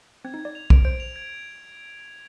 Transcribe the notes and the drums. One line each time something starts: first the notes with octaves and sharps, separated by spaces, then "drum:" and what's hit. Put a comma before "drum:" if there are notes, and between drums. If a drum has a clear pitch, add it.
C4 G#6
D#4
G#6
D5
F7
D7, drum: kick
C5 D7
F7
G#6